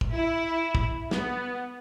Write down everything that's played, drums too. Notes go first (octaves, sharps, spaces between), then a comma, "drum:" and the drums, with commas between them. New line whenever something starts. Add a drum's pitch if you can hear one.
drum: kick
E4
drum: kick
B3, drum: snare